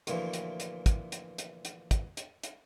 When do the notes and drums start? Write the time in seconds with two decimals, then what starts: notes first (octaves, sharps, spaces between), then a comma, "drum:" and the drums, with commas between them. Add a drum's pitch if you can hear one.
0.07 D2 A#2 E3 F3, drum: hi-hat
0.33 drum: hi-hat
0.60 drum: hi-hat
0.86 drum: kick, hi-hat
1.12 drum: hi-hat
1.38 drum: hi-hat
1.65 drum: hi-hat
1.91 drum: kick, hi-hat
2.17 drum: hi-hat
2.43 drum: hi-hat